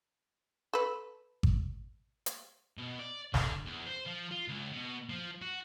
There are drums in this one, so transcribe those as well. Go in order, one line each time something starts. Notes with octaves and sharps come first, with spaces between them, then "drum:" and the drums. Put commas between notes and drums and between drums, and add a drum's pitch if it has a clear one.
A4 B4
drum: kick G#1
drum: hi-hat
B2
D5
D3, drum: snare
E2
C5
F3
F4
C#2
B2
F3
F#4